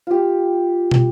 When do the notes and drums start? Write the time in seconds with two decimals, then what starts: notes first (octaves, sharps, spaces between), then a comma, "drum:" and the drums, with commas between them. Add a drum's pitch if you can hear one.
0.07 F4 G4
0.91 drum: tom